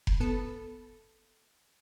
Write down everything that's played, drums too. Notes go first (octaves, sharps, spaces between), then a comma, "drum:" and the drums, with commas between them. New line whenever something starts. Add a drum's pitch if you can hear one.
drum: kick F1
B3 A4